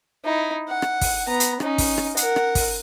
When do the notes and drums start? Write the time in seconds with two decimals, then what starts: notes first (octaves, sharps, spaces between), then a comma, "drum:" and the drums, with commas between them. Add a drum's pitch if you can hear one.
0.24 D#4 E4
0.69 F#5
0.82 drum: rim click
1.01 drum: kick, open hi-hat
1.28 B3 A#5
1.40 drum: hi-hat
1.60 C#4 D#4, drum: rim click
1.78 drum: kick, open hi-hat
1.98 drum: rim click
2.17 A#4 F#5, drum: hi-hat
2.36 drum: rim click
2.55 drum: kick, open hi-hat